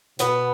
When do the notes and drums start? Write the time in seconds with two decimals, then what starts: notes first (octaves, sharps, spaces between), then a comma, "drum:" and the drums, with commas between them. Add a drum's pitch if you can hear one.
0.19 B2 B3, drum: hi-hat